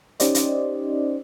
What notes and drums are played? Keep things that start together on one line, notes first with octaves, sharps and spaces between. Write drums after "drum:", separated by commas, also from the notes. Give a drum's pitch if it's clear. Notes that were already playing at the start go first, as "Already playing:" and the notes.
C#4 D#4 G4 C5 D5 D#5, drum: hi-hat
drum: hi-hat